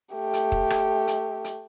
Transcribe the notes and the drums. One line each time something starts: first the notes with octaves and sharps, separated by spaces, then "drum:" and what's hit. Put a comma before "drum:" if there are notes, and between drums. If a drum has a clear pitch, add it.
A3 G4
drum: hi-hat
drum: kick
drum: rim click
drum: hi-hat
drum: hi-hat